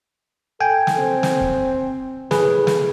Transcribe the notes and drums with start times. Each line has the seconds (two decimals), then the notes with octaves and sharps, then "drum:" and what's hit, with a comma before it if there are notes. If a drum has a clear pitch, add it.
0.61 A4 G5 G#5
0.87 drum: snare
0.98 C4
1.23 drum: snare
1.41 drum: kick
2.31 A2 G#4 B4, drum: snare
2.67 drum: snare